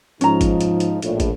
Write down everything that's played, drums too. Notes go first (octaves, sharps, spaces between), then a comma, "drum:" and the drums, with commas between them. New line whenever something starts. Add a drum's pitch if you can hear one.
G#2 F3 C#4 D#4 A#5, drum: hi-hat
drum: kick, hi-hat
drum: hi-hat
drum: hi-hat
A#1 A2, drum: hi-hat
drum: kick, hi-hat